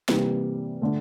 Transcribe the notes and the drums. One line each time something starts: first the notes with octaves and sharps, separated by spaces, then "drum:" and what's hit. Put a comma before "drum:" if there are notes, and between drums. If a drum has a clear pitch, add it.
C3 E3 G3 A#3, drum: snare D#4
D3 A3